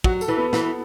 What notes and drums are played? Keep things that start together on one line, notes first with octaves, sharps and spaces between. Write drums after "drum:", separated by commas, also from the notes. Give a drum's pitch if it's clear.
F#3 F#4, drum: kick
A4, drum: tambourine
E3
B3
E3 B3, drum: snare